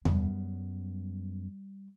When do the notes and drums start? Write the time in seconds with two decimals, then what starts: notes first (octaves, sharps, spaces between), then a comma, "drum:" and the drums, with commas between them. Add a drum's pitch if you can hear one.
0.05 F#2 G3 B3, drum: tom E2